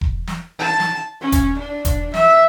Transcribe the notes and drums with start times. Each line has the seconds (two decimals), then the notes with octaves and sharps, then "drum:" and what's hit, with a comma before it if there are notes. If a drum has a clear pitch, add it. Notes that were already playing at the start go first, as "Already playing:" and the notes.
0.01 drum: kick E1
0.27 drum: snare
0.59 A5
0.80 drum: snare
1.21 C#4
1.32 drum: kick E1, hi-hat
1.59 D4
1.85 drum: kick E1, hi-hat
2.14 E5, drum: snare